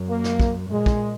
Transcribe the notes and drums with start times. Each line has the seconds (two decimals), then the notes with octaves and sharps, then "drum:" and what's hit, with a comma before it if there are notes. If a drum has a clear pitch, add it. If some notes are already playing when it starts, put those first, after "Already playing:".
Already playing: F#2
0.09 A#3
0.24 drum: snare
0.40 drum: kick
0.71 A#2 G#3
0.86 drum: kick